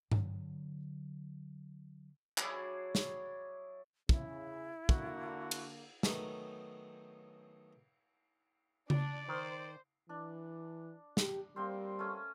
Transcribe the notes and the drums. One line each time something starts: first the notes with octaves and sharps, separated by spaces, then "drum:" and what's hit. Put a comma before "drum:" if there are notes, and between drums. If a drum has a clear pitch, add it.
D3 F#3, drum: tom G2
F#3 D4 E4 G#4, drum: clap
drum: snare
C#3 E4, drum: kick
D3 A#3 F#4, drum: kick
drum: cymbal
D#3 F#3 A3 B3 C#4 D#4, drum: snare
D4 D5, drum: tom C#3
D#3 C5
E3 D4
G4, drum: snare
G3 A#3 C4 C5
A3 C#4